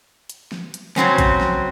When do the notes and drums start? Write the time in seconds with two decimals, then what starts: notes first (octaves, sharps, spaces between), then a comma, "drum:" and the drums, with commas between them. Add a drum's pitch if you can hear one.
0.29 drum: hi-hat
0.52 drum: snare
0.74 drum: hi-hat
0.96 C#3 F#3 C4 C#4, drum: snare
1.18 drum: kick A#1, hi-hat
1.41 drum: snare